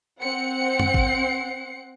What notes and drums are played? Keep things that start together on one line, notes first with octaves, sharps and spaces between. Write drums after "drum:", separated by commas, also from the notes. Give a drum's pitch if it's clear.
C4 F#5 C#7
drum: tom F#2
drum: kick